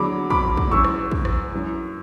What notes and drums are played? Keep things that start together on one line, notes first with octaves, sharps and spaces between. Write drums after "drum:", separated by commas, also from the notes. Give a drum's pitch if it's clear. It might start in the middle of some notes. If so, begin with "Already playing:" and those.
Already playing: E2 D3 F#3 B5 D6
B5 D6, drum: kick
drum: kick
F#2 E3 C#6 E6
drum: rim click
drum: kick
drum: rim click
F#2 E3